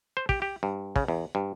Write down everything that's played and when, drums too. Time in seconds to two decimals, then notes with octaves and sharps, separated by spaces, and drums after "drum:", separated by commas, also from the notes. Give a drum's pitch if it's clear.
0.17 C5
0.29 G4, drum: kick
0.42 G4
0.63 G2
0.96 C#3, drum: kick
1.08 E2
1.35 G2